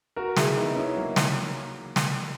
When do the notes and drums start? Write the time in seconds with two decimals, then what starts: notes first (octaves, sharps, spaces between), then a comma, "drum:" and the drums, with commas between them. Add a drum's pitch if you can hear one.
0.16 F#4 A#4
0.37 E4 G#4, drum: snare
0.57 B3 D#4
0.76 C#4 E4
0.97 F#3 A#3
1.16 drum: snare
1.96 drum: snare